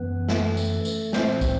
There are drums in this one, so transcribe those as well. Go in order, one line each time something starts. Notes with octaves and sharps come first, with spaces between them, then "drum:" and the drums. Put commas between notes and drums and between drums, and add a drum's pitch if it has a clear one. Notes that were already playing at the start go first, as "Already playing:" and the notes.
Already playing: F#2 E3 B3 B4
A3 A4, drum: snare
drum: tambourine
drum: tambourine
A2 E3 C4 C5, drum: snare
drum: kick, tambourine